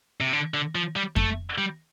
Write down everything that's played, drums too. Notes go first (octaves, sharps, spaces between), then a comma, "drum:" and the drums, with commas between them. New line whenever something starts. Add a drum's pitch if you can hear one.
C3
D3
D3
F3
G3
A3, drum: kick F2
G3